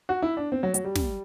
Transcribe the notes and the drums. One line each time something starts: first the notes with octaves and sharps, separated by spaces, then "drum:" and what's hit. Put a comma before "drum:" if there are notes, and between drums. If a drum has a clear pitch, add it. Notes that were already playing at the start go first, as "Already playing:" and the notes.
F#4
E4
D4
C4
F#3
F#3, drum: hi-hat
G3
drum: snare